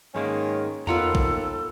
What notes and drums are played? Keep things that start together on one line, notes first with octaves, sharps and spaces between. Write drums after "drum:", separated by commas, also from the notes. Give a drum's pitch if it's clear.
G#2 D#3 G#3 A#3 C#4
D#2 B3 F4 A4 B4 F#5 A#5, drum: tom E2
drum: kick A#1